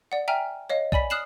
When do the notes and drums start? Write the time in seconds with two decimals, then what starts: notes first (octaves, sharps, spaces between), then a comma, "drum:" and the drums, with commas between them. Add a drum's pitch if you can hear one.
0.12 D5 F#5
0.28 E5 G5 G#5 A#5 F6
0.70 C#5 D#5 F5
0.92 D5 G#5 B5 B6, drum: kick
1.10 D#6 F6 F#6 C7 E7 F#7